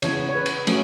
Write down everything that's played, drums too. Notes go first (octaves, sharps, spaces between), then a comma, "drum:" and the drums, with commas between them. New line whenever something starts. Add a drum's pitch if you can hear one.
C#3 E3 B3 C#5, drum: cymbal
C#5
B4
drum: cymbal
F#3 A3 C#4, drum: cymbal